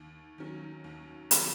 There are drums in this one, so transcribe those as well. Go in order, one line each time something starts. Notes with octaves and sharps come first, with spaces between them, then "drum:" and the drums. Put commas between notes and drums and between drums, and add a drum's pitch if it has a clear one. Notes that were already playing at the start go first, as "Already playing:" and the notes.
Already playing: D#2
D#3 F#3 C#4
D#2
D#3 F#3 C#4, drum: hi-hat